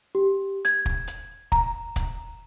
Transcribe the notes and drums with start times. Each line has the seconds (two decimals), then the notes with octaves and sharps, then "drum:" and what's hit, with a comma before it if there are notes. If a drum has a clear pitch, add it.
0.15 G4
0.65 G#6, drum: hi-hat
0.86 drum: kick
1.08 drum: hi-hat
1.52 A#5, drum: kick
1.96 drum: kick, hi-hat